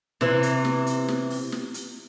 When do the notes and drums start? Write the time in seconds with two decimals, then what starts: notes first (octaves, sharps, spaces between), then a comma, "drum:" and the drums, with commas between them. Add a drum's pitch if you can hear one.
0.21 C3 E3, drum: snare
0.43 drum: hi-hat
0.65 drum: snare
0.87 drum: hi-hat
1.08 drum: snare
1.30 drum: open hi-hat
1.52 drum: snare
1.74 drum: hi-hat